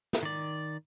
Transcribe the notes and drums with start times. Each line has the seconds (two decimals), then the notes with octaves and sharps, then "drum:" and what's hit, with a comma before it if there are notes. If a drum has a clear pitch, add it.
0.13 drum: snare
0.23 D#3 D5